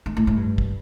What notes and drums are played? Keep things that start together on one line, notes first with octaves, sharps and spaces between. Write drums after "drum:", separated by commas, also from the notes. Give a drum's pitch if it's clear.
G#2
A2
A2
G2
drum: kick